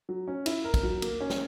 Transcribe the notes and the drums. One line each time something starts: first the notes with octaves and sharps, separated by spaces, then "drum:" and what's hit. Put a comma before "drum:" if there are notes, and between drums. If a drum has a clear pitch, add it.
F#3
C#4
E4, drum: cymbal
A#4
drum: kick, cymbal
F#3
A#3, drum: cymbal
C#4
drum: snare